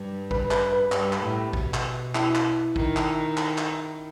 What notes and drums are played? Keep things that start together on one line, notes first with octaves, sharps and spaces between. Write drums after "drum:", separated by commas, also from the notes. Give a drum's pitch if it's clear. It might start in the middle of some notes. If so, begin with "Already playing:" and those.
Already playing: G2
B4, drum: kick
B4, drum: clap
B4
G2 G4, drum: clap
drum: clap
A2
B2, drum: kick
drum: clap
E4, drum: clap
drum: clap
D#3, drum: kick
drum: clap
drum: clap
drum: clap